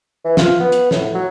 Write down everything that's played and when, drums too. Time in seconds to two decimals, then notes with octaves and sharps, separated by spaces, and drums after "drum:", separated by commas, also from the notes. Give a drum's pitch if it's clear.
0.25 E3
0.37 F4, drum: snare
0.60 B3
0.72 drum: hi-hat
0.91 A2, drum: snare
1.15 F#3